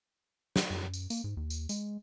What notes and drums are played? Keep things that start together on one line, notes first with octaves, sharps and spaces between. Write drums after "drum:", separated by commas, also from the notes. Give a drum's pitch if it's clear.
drum: snare
F#2
drum: tambourine
A#3, drum: tambourine
G#2
D#2
drum: tambourine
G#3, drum: tambourine